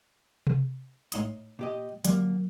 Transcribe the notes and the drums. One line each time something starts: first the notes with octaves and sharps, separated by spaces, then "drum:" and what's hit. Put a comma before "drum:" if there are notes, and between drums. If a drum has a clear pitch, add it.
drum: tom C3
A2 D#4 D#6, drum: hi-hat
A#2 G4 D#5
D3 F#3 G3 A#3, drum: hi-hat